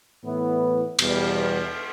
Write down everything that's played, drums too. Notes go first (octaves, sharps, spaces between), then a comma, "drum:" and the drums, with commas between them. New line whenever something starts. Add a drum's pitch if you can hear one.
A2 E3 B3 E4
E2 B2 G3, drum: cymbal